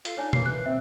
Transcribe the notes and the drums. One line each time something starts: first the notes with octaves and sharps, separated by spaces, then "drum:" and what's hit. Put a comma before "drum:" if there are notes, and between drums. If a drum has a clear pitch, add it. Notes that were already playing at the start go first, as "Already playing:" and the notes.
F4 A4 F5, drum: hi-hat
D4 D#4 C#5 G#5
F#2 E3 A#3 C7, drum: tom B2
E3 F#6
C4 E5